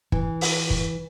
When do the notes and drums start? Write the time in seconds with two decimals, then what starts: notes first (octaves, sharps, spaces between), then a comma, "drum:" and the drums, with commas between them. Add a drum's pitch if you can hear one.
0.12 E3, drum: kick
0.41 drum: open hi-hat
0.70 drum: kick